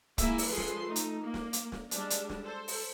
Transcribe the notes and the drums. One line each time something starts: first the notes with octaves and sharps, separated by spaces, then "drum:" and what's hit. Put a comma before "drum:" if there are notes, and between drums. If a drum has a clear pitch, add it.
G#3 A#3 E4 E5 G#5, drum: kick, hi-hat
drum: open hi-hat
F3 G#3 G#4 A4 B4 C6
drum: snare
A3 D#4
drum: hi-hat
A#3
drum: snare
drum: hi-hat
drum: snare
G3 G#3 D4, drum: hi-hat
drum: hi-hat
drum: snare
A4 C5
drum: open hi-hat